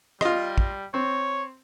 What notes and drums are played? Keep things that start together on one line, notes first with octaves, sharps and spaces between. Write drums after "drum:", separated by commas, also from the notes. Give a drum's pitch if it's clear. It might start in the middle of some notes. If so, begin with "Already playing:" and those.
G3 F4 D#5, drum: rim click
drum: kick
C4 C#5